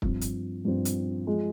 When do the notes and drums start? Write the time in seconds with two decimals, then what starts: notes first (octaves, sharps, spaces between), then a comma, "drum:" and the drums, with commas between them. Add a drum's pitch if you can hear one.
0.02 G2 F3 C4, drum: kick
0.21 drum: hi-hat
0.65 G2 F3 C4
0.85 drum: hi-hat
1.27 F3 G#3